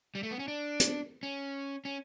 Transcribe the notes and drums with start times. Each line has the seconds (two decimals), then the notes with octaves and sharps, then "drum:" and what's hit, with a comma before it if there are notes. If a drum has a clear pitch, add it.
0.15 G3
0.23 A3
0.31 B3
0.39 C#4
0.48 D4
0.80 drum: hi-hat
1.23 C#4
1.85 C#4